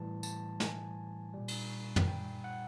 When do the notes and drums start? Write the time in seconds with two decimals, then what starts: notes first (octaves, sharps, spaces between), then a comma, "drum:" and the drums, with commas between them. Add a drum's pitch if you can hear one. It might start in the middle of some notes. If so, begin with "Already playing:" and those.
Already playing: A2 E3 G3 A5
0.23 A5, drum: tambourine
0.60 G#5, drum: snare
1.33 A#2 G3
1.48 drum: cymbal
1.96 drum: tom
2.08 G5
2.44 F#5